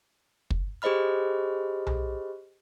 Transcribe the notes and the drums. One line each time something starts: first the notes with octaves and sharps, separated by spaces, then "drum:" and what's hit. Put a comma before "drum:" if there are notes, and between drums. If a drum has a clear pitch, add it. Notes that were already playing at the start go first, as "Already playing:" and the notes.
drum: kick
G4 G#4 C5 D#5 B5 F6
drum: tom B1